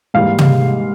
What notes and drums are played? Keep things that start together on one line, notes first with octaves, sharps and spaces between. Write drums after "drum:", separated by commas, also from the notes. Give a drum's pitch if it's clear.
G#2 E3 G3 A#3 F5
drum: tom